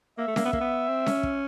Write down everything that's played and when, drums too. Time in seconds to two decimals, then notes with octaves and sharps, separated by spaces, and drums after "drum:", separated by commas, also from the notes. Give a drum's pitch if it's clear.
0.18 A#3 E5
0.28 A3
0.36 A#3, drum: snare C#4
0.45 B3
0.53 A#3, drum: kick
0.61 B3
0.88 C4
1.06 C#4, drum: snare C#4
1.23 drum: kick